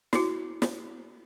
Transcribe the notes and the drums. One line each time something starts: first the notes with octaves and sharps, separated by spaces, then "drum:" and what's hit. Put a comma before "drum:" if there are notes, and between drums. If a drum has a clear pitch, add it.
E4 F#4, drum: snare
drum: snare